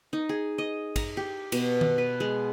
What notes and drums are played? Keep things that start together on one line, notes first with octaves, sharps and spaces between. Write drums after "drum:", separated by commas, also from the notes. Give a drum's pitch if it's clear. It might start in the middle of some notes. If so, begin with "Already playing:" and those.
D#4
G#4
D#5
A#5, drum: kick, cymbal
G4
B2, drum: cymbal
drum: tom D#3
B4
G#3